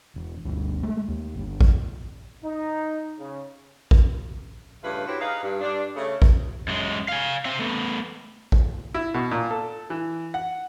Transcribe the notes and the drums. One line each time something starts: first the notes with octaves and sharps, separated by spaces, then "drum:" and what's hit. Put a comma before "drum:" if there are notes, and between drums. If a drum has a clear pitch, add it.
E1
G1 D2
G#3 A3
D#2
G1
drum: kick G#1
D#4
C#3
drum: kick G#1
G2 C#3 A3 F4 B4
E4 F#4 G4 C5 C#5
D#4 G#4 B4 F5
G2
G2 D4
C#3 A3
drum: kick G#1
F#2 G#3
F5 G#5
C4 E5
A3 B3
drum: kick G#1
E4
B2
A#2
A4
E3
F#5